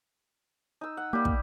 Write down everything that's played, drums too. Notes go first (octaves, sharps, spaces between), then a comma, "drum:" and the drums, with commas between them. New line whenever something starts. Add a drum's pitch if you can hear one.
D#4 E6
F#5
G3 A#3 G4
drum: kick